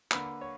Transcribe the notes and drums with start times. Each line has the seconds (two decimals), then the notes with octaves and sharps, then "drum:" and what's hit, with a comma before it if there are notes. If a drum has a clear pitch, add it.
0.11 D3 A#3 B4, drum: clap
0.41 C#5